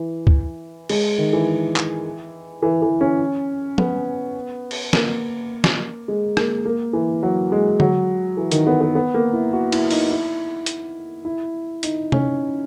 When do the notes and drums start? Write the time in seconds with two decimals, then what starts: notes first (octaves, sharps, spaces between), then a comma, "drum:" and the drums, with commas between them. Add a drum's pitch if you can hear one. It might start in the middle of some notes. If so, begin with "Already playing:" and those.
Already playing: E3
0.27 drum: kick
0.89 G#3, drum: cymbal
1.18 D#3
1.33 E3
1.76 drum: clap
2.62 E3
2.82 E3
3.01 C#4
3.78 B3, drum: tom
4.71 drum: cymbal
4.93 A#3, drum: snare
5.64 drum: snare
6.08 G#3
6.37 A#3, drum: rim click
6.65 A#3
6.93 E3
7.23 F#3
7.52 G#3
7.80 F#3, drum: tom D3
8.37 E3
8.52 D#3, drum: hi-hat
8.67 B3
8.81 B3
8.95 B3
9.14 A#3
9.33 E4
9.53 F#4
9.72 E4, drum: cymbal
9.91 D#4, drum: open hi-hat
10.10 E4
10.66 drum: hi-hat
11.25 E4
11.83 D#4, drum: hi-hat
12.12 C#4, drum: tom C3